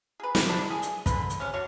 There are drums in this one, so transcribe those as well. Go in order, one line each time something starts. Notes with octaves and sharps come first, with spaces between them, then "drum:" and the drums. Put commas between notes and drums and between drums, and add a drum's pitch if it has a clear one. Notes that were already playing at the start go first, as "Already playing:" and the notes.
G#4 B4
drum: snare
G#3 D4 E4
G#4
drum: hi-hat
D3 G#4 B4, drum: kick, hi-hat
drum: hi-hat
C3 C#4
D4 F#4 C#5